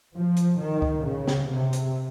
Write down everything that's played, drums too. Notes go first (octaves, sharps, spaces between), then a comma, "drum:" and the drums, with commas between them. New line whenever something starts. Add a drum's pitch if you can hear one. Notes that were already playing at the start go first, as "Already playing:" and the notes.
F3
drum: hi-hat
D#3
drum: kick C#2
C#3
drum: snare
C3
drum: hi-hat